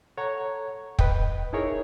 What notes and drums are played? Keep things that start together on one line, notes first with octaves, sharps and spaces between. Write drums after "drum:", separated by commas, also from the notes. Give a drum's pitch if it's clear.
A4 C#5 F#5 A#5 C#6 G#6
B4 D#5 G5, drum: kick
D#4 E4 G#4 A#4 C#5